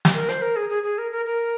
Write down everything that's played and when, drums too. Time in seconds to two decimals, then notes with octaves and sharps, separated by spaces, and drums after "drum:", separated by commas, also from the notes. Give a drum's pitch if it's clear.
0.05 drum: snare
0.14 A#4
0.29 C5, drum: hi-hat
0.42 A#4
0.56 G#4
0.70 G#4
0.83 G#4
0.98 A#4
1.12 A#4
1.26 A#4